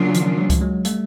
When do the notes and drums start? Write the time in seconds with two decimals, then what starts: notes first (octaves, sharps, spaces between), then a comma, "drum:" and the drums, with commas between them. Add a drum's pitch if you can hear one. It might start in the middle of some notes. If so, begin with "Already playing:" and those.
Already playing: C#3 F#3 A#3 D4 F4
0.14 D#3 F3, drum: hi-hat
0.37 F3 G3
0.50 drum: kick C#2, hi-hat
0.61 F#3 G#3
0.85 G3 A3, drum: hi-hat